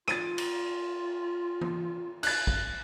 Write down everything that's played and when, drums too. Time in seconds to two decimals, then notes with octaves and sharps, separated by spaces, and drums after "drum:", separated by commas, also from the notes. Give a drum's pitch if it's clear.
0.08 F4 A6 D#7, drum: rim click
0.38 drum: cymbal
1.61 drum: tom E3
2.23 F#6 A6, drum: cymbal
2.47 drum: kick